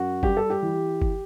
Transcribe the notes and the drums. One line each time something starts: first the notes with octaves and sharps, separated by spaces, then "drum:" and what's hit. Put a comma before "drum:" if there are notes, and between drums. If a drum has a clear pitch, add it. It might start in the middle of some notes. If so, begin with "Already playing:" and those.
Already playing: F#2 F#4
G3 G4, drum: kick G1
A4
G4
E3
drum: kick G1